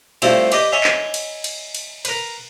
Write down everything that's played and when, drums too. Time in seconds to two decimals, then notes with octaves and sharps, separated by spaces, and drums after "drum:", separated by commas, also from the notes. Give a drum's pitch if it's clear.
0.22 G2 C3 A3 C4 E4 F4, drum: cymbal
0.52 G4 B4 D5 D#5, drum: cymbal
0.72 C#5 D#5 E5 G#5 B5
0.84 drum: clap
1.14 drum: cymbal
1.44 drum: cymbal
1.75 drum: cymbal
2.05 A#4 B4, drum: cymbal